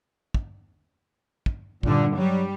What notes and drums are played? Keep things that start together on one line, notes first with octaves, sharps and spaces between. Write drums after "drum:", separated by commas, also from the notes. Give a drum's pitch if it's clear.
drum: kick
drum: kick
G2 A#2 D3, drum: kick
F#3 G3